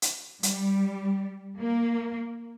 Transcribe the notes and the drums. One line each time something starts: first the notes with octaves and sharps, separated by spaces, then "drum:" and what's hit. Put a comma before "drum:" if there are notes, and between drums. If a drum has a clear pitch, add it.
drum: hi-hat
G3, drum: hi-hat
A#3